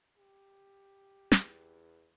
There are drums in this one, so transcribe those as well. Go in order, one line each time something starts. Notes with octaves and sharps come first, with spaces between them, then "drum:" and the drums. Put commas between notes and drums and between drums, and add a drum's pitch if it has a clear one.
G4
E2, drum: snare